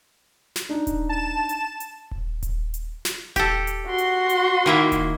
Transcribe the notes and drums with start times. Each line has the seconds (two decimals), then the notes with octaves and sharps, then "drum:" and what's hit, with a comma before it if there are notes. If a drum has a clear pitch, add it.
0.56 drum: snare
0.69 D4 D#4
0.87 drum: kick D#1, hi-hat
1.09 A5 E7
1.49 drum: hi-hat
1.80 drum: hi-hat
2.11 drum: kick D#1
2.43 drum: kick D#1, hi-hat
2.74 drum: hi-hat
3.05 drum: snare
3.36 G4 A4, drum: kick D#1, hi-hat
3.67 drum: hi-hat
3.86 F#4 C6
3.98 drum: hi-hat
4.29 drum: hi-hat
4.66 D#3 A#3 E4
4.92 drum: kick D#1, hi-hat